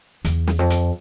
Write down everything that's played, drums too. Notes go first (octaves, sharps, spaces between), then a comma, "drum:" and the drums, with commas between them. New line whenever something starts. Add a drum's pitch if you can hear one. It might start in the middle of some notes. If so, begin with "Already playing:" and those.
E2, drum: hi-hat
drum: snare
F2
drum: hi-hat